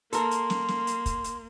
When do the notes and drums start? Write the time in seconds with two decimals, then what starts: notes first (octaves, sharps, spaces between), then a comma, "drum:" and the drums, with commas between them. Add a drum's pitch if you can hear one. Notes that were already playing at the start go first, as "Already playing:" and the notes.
0.13 A#3 A4 A#4 C6, drum: hi-hat
0.31 drum: hi-hat
0.50 drum: snare
0.68 drum: snare
0.87 drum: hi-hat
1.06 drum: kick, hi-hat
1.24 drum: hi-hat